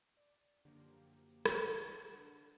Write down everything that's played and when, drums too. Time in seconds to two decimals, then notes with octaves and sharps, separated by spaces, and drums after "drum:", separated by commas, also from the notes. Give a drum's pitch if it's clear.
0.17 D5
0.65 F#2 D3 F3 A#3 G4
1.46 F#5, drum: rim click
2.12 D4